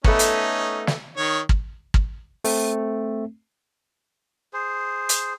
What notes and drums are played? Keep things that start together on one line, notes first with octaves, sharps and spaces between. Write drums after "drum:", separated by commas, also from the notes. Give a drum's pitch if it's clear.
A3 B3 C#4 D#4, drum: kick
drum: hi-hat
drum: snare
D#3 C#5
drum: kick
drum: kick
A3 C4, drum: open hi-hat
G#4 C5
drum: hi-hat